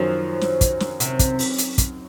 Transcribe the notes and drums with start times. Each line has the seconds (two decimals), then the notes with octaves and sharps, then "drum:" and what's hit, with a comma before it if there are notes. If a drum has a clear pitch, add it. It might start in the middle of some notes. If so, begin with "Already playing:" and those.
Already playing: F#2 D#3 F3 F#3 C#4
0.41 drum: snare
0.61 drum: kick, hi-hat
0.80 drum: snare
1.00 C3, drum: hi-hat
1.19 drum: kick, hi-hat
1.39 drum: open hi-hat
1.58 drum: hi-hat
1.78 drum: kick, hi-hat